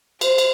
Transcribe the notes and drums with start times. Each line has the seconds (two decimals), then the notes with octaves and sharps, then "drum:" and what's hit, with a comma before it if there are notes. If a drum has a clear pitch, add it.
0.21 C5, drum: cymbal
0.38 drum: cymbal